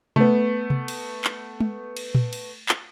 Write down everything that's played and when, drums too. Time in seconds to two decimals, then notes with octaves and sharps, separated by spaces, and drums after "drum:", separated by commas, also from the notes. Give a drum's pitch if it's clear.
0.16 A3 B3, drum: tom C3
0.70 drum: tom C3
0.88 drum: cymbal
1.24 drum: clap
1.60 drum: tom
1.97 drum: cymbal
2.15 drum: tom A#2
2.33 drum: cymbal
2.69 drum: clap